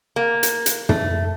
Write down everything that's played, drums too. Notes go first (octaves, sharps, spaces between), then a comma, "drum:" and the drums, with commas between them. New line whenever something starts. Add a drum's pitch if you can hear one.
A#3
drum: hi-hat
drum: hi-hat
A3, drum: tom